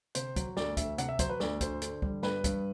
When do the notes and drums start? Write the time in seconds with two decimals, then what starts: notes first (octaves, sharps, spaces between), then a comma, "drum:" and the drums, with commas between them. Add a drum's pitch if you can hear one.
0.15 C3 C5, drum: hi-hat
0.36 F#3, drum: kick, hi-hat
0.57 D2 D5, drum: snare
0.77 D2 E5, drum: kick, hi-hat
0.98 C3 F#5, drum: hi-hat
1.09 E5
1.19 F#3 C5, drum: kick, hi-hat
1.30 B4
1.40 D2 D5, drum: snare
1.61 D2 C5, drum: kick, hi-hat
1.82 D3, drum: hi-hat
2.02 G3, drum: kick
2.23 G2 B4, drum: snare
2.44 G2, drum: kick, hi-hat